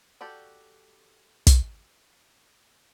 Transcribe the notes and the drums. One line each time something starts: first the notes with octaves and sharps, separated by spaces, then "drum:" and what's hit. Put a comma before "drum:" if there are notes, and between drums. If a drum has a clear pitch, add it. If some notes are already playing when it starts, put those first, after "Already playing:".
F#4 G4 A4 D5
drum: kick, hi-hat